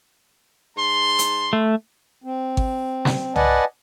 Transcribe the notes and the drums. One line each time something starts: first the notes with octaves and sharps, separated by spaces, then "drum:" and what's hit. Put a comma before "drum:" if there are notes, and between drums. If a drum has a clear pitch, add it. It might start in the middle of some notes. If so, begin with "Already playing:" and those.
G#2 A5 C6
drum: hi-hat
A3
C4
drum: kick G#1
drum: snare
B4 D5 D#5 F#5 G#5 A5, drum: tom